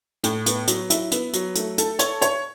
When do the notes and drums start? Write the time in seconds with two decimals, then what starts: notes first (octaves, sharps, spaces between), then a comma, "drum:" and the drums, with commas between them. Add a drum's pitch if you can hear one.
0.23 A2, drum: hi-hat
0.46 B3, drum: hi-hat
0.67 F#3, drum: hi-hat
0.90 E4, drum: hi-hat
1.11 B3, drum: hi-hat
1.33 F#3, drum: hi-hat
1.55 A3, drum: hi-hat
1.78 A4, drum: hi-hat
1.99 C#5, drum: hi-hat
2.21 C#5, drum: hi-hat